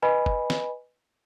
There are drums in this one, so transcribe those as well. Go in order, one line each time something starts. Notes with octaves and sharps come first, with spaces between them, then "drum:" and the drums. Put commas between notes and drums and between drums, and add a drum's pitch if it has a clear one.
B4 D#5 G#5 B5
drum: kick
drum: snare